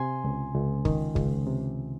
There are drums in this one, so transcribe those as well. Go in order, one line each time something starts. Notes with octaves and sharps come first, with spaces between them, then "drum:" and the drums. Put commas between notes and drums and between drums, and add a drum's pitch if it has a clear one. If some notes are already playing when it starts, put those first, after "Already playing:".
Already playing: C3 G#5 C6
C#2
C#2
D#3, drum: kick
C#2, drum: kick
C3